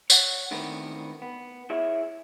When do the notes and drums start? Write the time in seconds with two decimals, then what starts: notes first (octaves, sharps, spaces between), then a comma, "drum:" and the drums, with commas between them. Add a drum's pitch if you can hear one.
0.10 C#5 F#5, drum: tambourine
0.51 A2 D3 D#3 B3 C4
1.22 B3
1.70 E4 G#4 C#5 E5